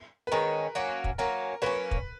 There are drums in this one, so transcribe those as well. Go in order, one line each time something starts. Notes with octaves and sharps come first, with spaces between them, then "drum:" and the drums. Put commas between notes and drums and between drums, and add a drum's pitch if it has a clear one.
B4
D#3 G#3 C#4 A#4
F#3 A#3 C#4
drum: kick
F#3 A#3 C#4 A#4
F#3 A#3 C#4 B4
drum: kick